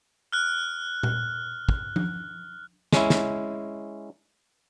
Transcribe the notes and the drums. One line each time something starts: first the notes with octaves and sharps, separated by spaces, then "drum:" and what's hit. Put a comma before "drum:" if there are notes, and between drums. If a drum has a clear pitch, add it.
F6 F#6
drum: tom A#2
drum: kick
drum: tom F3
G#3 C#4 E4, drum: snare
drum: snare